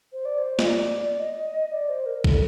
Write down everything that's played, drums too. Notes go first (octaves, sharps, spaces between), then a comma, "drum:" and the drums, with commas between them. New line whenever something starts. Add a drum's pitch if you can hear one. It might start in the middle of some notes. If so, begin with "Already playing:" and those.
C5
D5
C5
D#5, drum: snare
D5
D#5
D5
C5
A#4
A4, drum: kick